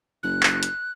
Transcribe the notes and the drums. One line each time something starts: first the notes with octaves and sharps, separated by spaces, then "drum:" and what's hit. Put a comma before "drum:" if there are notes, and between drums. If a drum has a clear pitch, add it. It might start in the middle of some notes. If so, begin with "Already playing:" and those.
F#1 F#6
drum: clap
drum: hi-hat